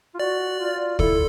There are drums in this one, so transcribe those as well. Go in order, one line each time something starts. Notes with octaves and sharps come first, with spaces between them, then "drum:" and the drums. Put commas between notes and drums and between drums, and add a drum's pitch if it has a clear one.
F4
F#4 D5
F4
E4 A4, drum: kick